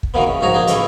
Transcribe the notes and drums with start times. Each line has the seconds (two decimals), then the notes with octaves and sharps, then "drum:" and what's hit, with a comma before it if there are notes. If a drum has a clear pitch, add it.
0.03 drum: kick
0.14 B2 D#3 E3 A#3 B3
0.27 C#3
0.41 A#1 G#2 C#3 F#4 G#4 A#5
0.54 A#3 D4 D#4 G#4
0.67 C#2 A2 C#3 E3 A3, drum: hi-hat